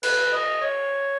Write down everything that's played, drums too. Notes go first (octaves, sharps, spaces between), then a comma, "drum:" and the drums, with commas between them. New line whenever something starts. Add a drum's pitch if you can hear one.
B4, drum: cymbal
D#5
C#5